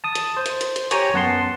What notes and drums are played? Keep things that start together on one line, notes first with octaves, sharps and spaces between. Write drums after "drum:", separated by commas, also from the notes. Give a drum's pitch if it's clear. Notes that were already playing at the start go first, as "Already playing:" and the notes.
A5 D#6
drum: hi-hat
C5
drum: hi-hat
drum: hi-hat
drum: hi-hat
G4 C#5 G5 G#5 A#5, drum: hi-hat
F#2 B3 F#5 A5 C6 C7